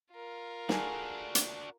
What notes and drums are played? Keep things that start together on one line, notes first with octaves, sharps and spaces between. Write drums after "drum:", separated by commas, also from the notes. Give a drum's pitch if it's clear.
F4 A#4
D4 F#4 G#4 A4, drum: snare
drum: hi-hat